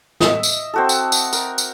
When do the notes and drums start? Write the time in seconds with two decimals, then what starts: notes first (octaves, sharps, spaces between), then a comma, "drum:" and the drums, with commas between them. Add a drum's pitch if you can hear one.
0.20 D#5 E5, drum: snare
0.43 drum: tambourine
0.74 C4 F#4 A4
0.89 drum: tambourine
1.12 drum: tambourine
1.33 A#4, drum: tambourine
1.58 drum: tambourine